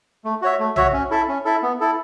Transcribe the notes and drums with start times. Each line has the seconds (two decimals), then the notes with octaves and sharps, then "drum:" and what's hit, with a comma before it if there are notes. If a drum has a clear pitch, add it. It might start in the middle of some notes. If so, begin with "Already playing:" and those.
0.25 A3
0.42 F#4 C#5 E5
0.59 A3
0.76 F#4 C#5 E5, drum: tom B1
0.93 C#4
1.11 E4 A4 E5
1.28 C#4
1.45 E4 A4 E5
1.62 B3
1.81 E4 A4